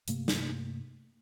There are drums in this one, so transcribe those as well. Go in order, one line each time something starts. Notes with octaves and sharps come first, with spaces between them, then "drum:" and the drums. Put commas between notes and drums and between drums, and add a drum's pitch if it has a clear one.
G2 C3 A3 A#3, drum: hi-hat
drum: snare